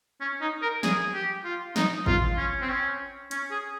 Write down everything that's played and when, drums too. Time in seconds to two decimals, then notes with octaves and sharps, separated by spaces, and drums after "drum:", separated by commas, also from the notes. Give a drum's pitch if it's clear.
0.21 C#4
0.41 D#4
0.62 A#4
0.83 G#4, drum: snare
1.14 G4
1.44 F4
1.76 D#4, drum: snare
2.06 F4, drum: kick G#1
2.37 C#4
2.61 C4
2.69 C#4
3.31 C#4, drum: hi-hat
3.51 G#4